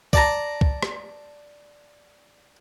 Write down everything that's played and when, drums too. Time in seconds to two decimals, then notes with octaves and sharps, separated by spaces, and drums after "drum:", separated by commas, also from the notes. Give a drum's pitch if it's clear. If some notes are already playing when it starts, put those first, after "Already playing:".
0.13 D5 A5 A#5, drum: kick
0.61 drum: kick
0.83 drum: rim click